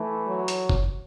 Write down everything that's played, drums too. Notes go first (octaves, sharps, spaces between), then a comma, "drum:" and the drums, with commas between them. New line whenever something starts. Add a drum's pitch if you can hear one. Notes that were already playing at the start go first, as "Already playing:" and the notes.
Already playing: E3 A3
F#3
drum: hi-hat
drum: kick F#1